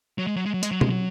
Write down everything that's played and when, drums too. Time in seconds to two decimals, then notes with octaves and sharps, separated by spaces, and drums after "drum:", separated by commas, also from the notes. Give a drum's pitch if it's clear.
0.18 F#3
0.27 G#3
0.36 F#3
0.46 G#3
0.54 F#3
0.63 G#3, drum: hi-hat
0.71 F#3
0.81 G#3, drum: tom B2
0.90 F#3